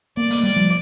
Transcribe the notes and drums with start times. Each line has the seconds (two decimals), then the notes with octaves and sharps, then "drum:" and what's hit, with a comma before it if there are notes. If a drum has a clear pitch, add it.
0.17 A#3 D5
0.30 A3, drum: open hi-hat
0.43 G3
0.56 F3